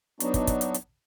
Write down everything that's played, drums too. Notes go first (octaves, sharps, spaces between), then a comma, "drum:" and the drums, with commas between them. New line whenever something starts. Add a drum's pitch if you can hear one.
F#3 B3 D4 D#4 F#4, drum: hi-hat
drum: kick, hi-hat
drum: kick, hi-hat
drum: hi-hat
drum: hi-hat